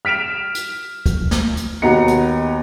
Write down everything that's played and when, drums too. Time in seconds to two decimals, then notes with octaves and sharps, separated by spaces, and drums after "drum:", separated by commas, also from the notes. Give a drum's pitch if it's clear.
0.05 F6 B6 D7 E7 F7
0.55 drum: hi-hat
1.06 drum: kick, hi-hat
1.31 drum: snare
1.57 drum: hi-hat
1.82 D#2 B3 F#4 D#5 A#5 C#7
2.08 drum: hi-hat